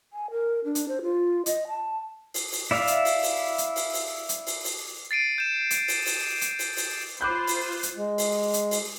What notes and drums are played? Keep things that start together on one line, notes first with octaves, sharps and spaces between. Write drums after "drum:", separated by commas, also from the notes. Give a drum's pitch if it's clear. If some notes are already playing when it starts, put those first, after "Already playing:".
G#5
A#4
D4
drum: hi-hat
C5
F4
D#5, drum: hi-hat
A5
drum: open hi-hat
drum: open hi-hat
E4 D5 E5 F5
drum: hi-hat
drum: open hi-hat
drum: open hi-hat
drum: hi-hat
drum: open hi-hat
drum: open hi-hat
drum: hi-hat
drum: open hi-hat
drum: open hi-hat
A6 C7 D7 D#7
G6 E7
drum: hi-hat
drum: open hi-hat
drum: open hi-hat
drum: hi-hat
drum: open hi-hat
drum: open hi-hat
F4 C5 B5 D6 F#6 G6
drum: open hi-hat
drum: hi-hat
G#3
drum: open hi-hat
drum: hi-hat
drum: open hi-hat